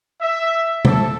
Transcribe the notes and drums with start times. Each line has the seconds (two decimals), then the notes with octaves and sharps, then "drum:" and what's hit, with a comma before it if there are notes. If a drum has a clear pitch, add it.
0.21 E5
0.85 A4, drum: tom